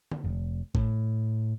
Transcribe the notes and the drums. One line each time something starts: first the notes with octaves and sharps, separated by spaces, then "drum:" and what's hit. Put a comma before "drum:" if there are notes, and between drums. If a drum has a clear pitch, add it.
drum: tom D3
F1
A2, drum: kick G#1